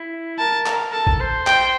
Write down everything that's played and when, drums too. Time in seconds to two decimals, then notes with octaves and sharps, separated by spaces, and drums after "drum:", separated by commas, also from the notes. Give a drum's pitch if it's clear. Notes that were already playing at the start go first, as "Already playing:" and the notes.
Already playing: E4
0.39 A#4 A5
0.66 A#4, drum: clap
0.93 A4 A5
1.07 drum: kick
1.20 C5
1.47 G5, drum: clap